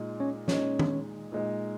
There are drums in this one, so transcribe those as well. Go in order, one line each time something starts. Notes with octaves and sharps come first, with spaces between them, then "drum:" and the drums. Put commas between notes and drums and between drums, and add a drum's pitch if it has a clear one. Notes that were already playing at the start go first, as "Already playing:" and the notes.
Already playing: A#2 G#3 D#4
C#4 C#5
A#2 G#3 C#4 D#4 C#5, drum: snare
drum: tom
A#2 G#3 D#4